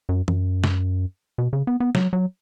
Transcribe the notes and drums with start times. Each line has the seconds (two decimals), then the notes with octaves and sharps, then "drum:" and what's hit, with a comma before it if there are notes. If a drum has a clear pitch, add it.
0.09 F#2
0.28 F#2, drum: tom
0.64 drum: snare
1.38 B2
1.53 C#3
1.67 B3
1.80 B3
1.95 F#3, drum: snare
2.13 F#3